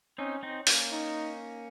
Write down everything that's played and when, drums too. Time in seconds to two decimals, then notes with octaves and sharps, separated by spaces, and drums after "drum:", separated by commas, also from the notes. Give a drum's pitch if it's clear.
0.18 C4 C#4 D#4
0.43 C4 D#4
0.67 A#3 C#4, drum: open hi-hat
0.92 D#4